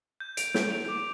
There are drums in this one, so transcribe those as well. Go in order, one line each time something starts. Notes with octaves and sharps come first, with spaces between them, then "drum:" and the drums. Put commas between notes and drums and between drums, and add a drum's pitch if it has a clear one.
G6
D7 F7, drum: hi-hat
G6, drum: snare
D7 F7
D6